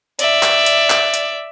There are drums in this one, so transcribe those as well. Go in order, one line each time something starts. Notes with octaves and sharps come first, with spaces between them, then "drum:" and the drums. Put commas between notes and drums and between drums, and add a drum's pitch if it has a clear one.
D5 E5, drum: hi-hat
drum: clap
drum: hi-hat
drum: clap
drum: hi-hat